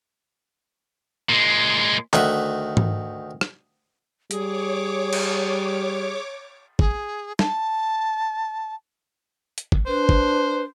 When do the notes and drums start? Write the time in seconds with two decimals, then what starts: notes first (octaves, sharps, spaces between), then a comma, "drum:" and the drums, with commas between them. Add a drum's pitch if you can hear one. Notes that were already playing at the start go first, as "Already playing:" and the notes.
1.29 A#2 G#3
2.13 D2 D#3 E5 F#5, drum: clap
2.77 drum: tom G#2
3.41 drum: rim click
4.31 G3 G#4 C#5 D6, drum: hi-hat
5.13 drum: cymbal
6.79 G#4, drum: kick
7.39 A5, drum: snare
9.58 drum: hi-hat
9.72 drum: kick
9.87 D4 B4 C5
10.09 drum: kick